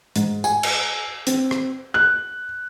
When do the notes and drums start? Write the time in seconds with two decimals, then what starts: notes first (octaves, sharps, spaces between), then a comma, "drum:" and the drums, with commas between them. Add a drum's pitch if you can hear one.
0.16 G#2, drum: hi-hat
0.44 G#5, drum: tambourine
0.63 drum: cymbal
1.27 C4, drum: hi-hat
1.51 drum: rim click
1.94 F#6